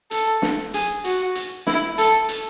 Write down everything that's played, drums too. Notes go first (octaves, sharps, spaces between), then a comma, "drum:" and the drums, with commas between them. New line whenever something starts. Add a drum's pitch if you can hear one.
A4, drum: hi-hat
drum: snare
G#4, drum: hi-hat
F#4, drum: hi-hat
drum: hi-hat
E4, drum: snare
A4, drum: hi-hat
drum: hi-hat